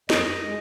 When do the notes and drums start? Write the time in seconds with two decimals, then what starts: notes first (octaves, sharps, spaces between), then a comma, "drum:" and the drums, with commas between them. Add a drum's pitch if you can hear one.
0.10 F#2 D#5, drum: snare
0.43 G#3